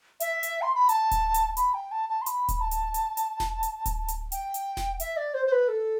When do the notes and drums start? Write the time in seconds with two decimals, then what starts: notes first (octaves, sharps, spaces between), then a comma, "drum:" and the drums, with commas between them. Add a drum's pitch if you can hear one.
0.20 E5, drum: hi-hat
0.43 drum: hi-hat
0.62 C6
0.75 B5
0.89 A5, drum: hi-hat
1.11 drum: kick D1, hi-hat
1.34 drum: hi-hat
1.57 B5, drum: hi-hat
1.74 G5
1.91 A5
2.09 A5
2.22 C6
2.26 B5, drum: hi-hat
2.49 drum: kick D1, hi-hat
2.61 A5
2.71 drum: hi-hat
2.94 drum: hi-hat
3.17 drum: hi-hat
3.40 drum: snare E1
3.63 drum: hi-hat
3.86 drum: kick D1, hi-hat
4.08 drum: hi-hat
4.32 G5, drum: hi-hat
4.54 drum: hi-hat
4.77 drum: snare E1
5.00 E5, drum: hi-hat
5.17 D5
5.34 C5
5.46 C5
5.52 B4
5.68 A4